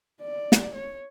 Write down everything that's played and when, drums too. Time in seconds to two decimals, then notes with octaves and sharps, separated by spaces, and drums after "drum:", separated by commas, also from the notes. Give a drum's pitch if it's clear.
0.21 D5
0.52 drum: snare
0.75 C#5